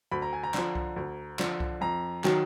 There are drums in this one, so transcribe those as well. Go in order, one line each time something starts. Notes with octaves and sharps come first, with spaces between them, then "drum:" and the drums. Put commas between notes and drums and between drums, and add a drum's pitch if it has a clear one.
D2 B5
A#5
G#5
A#5
D3 F3, drum: clap
drum: kick C2
D2
D3 F3, drum: clap
drum: kick C2
F2 A#5
D#3 F#3, drum: clap